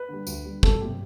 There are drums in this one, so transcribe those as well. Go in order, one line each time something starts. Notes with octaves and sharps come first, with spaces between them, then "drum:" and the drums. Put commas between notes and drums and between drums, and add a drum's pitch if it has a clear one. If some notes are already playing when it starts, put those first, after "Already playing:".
Already playing: B4
D3 G3
D2, drum: tambourine
D3 G3
C2 A4, drum: kick
C3 F#3 A3 G4